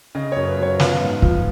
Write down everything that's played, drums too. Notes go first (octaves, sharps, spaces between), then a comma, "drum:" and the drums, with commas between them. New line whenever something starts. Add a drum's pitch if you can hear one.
C#3 D#5
F#2 C#5
B4
F#3 C#5
B3 F4, drum: snare
G#2
F3, drum: kick